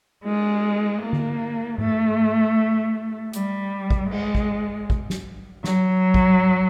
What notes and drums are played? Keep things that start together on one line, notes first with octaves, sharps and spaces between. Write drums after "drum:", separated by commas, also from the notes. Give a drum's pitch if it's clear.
G#3, drum: cymbal
A#3
drum: tom D3
A3, drum: tom G#2
G3, drum: hi-hat
drum: kick
G#3, drum: cymbal
drum: kick
drum: kick
drum: snare
F#3, drum: snare
drum: kick